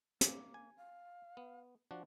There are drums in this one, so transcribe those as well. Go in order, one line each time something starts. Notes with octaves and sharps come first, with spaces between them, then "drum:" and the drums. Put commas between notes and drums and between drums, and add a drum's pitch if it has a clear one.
A#3, drum: hi-hat
G#5
F5
B3
F3 D4 F#4